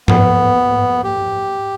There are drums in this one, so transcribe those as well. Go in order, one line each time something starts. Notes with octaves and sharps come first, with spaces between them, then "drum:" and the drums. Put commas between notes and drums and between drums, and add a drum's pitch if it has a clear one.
B3, drum: tom G#2
G4